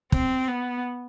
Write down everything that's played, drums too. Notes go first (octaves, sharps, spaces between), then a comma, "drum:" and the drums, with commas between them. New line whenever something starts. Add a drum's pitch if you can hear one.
C4, drum: kick
B3